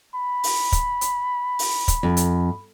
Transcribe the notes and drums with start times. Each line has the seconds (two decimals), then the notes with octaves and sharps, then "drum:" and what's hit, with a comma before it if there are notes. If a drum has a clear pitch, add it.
0.15 B5
0.44 drum: open hi-hat
0.72 drum: kick, hi-hat
1.01 drum: hi-hat
1.59 drum: open hi-hat
1.88 drum: kick, hi-hat
2.03 F2
2.17 drum: hi-hat